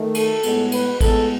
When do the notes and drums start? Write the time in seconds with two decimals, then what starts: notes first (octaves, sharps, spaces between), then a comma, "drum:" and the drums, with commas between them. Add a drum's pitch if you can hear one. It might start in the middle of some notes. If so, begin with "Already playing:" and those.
Already playing: D#3 A3
0.15 A4, drum: cymbal
0.43 A2 G#3 B3, drum: cymbal
0.72 B4, drum: cymbal
1.01 A2 G#3 B3 A4, drum: kick, cymbal